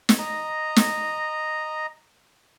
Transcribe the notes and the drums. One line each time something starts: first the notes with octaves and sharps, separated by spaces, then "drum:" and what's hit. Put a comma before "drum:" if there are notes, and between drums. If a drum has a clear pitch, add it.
drum: snare
D#5 A#5
drum: snare